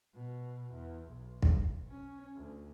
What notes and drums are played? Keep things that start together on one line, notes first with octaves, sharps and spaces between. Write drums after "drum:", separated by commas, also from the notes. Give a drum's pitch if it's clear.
B2
E2
B1
drum: kick
C#4
D2